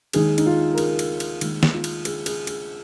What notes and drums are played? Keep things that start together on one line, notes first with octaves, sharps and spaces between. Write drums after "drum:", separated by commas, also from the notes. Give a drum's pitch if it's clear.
D#2 D#3 G#3 G#4, drum: cymbal
D#4, drum: cymbal
F4
A#4
G#4, drum: cymbal
drum: cymbal
drum: cymbal
D#2 D#3 G#3, drum: cymbal
drum: snare
F4
drum: cymbal
G#4, drum: cymbal
G#4, drum: cymbal
G#4, drum: cymbal